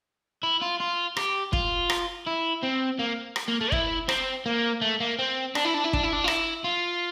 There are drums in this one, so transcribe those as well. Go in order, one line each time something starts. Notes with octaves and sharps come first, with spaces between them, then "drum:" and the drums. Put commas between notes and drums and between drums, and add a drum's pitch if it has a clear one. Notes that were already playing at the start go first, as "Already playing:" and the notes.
E4
F4
F4
G4, drum: rim click
F4, drum: kick
drum: rim click
E4
C4
A#3
drum: rim click
A#3
A3
E4, drum: kick
C4, drum: rim click
A#3
A3
A#3
C4
D4, drum: rim click
E4
D4
E4
D4, drum: kick
E4
D4
F4
E4, drum: rim click
F4